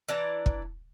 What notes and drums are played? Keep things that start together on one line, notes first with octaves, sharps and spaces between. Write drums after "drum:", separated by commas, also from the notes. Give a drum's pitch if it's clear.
E3 D4 A5 A#5
drum: kick